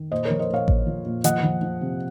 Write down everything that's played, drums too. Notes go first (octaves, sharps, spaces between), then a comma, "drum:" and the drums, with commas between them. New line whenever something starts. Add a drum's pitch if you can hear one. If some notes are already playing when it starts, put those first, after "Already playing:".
Already playing: D#3
A#2 C5 D#5
F3 A#4 C#5
C5 D#5
A#2 C#5 F5
A#2, drum: kick A1
F3
A#2
F3 D#5 F#5, drum: hi-hat
F3
F3
C3